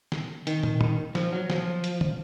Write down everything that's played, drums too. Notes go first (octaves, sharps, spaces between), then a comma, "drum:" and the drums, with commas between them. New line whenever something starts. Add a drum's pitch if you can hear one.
drum: snare
D#3, drum: hi-hat
drum: tom
drum: tom
F3, drum: snare
F#3
F3, drum: snare
drum: hi-hat
drum: tom